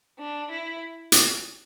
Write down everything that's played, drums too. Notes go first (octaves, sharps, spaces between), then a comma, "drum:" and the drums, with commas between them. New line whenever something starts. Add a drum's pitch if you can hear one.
D4
E4
drum: hi-hat